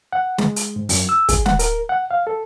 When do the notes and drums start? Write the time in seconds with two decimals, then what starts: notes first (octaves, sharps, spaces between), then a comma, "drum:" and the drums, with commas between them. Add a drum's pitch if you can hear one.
0.13 F#5
0.38 G#3, drum: snare
0.56 drum: hi-hat
0.76 G#2
0.89 F#2, drum: open hi-hat
1.09 E6
1.29 G#4, drum: kick, hi-hat
1.46 F#5, drum: snare
1.59 A#4, drum: hi-hat
1.89 F#5
2.11 F5
2.27 A4